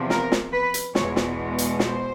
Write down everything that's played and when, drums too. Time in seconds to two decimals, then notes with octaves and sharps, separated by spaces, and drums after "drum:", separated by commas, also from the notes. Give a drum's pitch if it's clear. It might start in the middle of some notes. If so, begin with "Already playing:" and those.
Already playing: E2 C3 F3
0.10 A#4, drum: snare
0.32 drum: snare
0.53 B4
0.74 drum: hi-hat
0.95 E2 B2 G#3 C#5, drum: snare
1.16 drum: snare
1.58 drum: hi-hat
1.79 C5, drum: snare